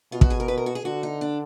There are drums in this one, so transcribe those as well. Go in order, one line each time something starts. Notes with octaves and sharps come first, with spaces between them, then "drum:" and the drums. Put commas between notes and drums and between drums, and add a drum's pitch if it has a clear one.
B2 F4
F#4, drum: kick
G#4
A#4
B4
A#4
F#4
G#4
D3 F#4
D#4
D4